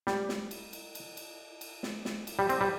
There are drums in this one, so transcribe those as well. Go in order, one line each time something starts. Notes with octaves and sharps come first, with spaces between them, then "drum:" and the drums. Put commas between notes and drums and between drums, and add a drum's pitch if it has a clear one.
G3, drum: snare
drum: snare
drum: cymbal
drum: cymbal
drum: cymbal
drum: cymbal
drum: cymbal
drum: snare
drum: snare
drum: cymbal
G3
C4, drum: cymbal
G3